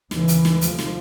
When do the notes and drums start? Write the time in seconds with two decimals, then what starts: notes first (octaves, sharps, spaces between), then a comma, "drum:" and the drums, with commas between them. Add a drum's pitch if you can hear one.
0.11 D#2 C#3 E3, drum: snare
0.28 drum: hi-hat
0.45 drum: snare
0.61 D2 C3 F3, drum: hi-hat
0.78 drum: snare